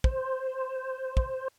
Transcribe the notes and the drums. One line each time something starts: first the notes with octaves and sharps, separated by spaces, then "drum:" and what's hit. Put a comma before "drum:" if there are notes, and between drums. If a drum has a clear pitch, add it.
C5, drum: kick
drum: kick